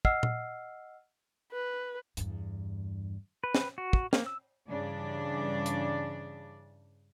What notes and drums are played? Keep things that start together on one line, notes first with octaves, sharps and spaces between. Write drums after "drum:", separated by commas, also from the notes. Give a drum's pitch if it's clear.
D#5 F#5 E6 F6 C7, drum: kick
drum: tom A#2
B4
E2 G2, drum: hi-hat
B4
drum: snare
F#4
drum: kick
A#3, drum: snare
E6
G2 C#3 E3 D4 D5
drum: hi-hat